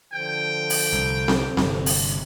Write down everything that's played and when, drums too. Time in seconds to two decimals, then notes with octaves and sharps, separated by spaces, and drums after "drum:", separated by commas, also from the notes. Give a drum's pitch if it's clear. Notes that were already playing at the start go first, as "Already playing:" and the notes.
0.13 D3 F3 G5
0.70 drum: open hi-hat
0.93 C2
1.28 drum: snare C4
1.57 G1 C3, drum: snare C4
1.86 drum: open hi-hat